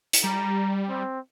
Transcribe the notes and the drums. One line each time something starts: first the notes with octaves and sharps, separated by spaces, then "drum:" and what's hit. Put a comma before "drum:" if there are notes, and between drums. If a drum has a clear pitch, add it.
drum: hi-hat
G3 A#5
C4